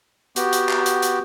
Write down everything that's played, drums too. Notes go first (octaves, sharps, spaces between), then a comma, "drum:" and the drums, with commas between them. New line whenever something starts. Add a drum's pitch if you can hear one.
B3 F#4 G4, drum: hi-hat
drum: hi-hat
drum: clap
drum: hi-hat
drum: hi-hat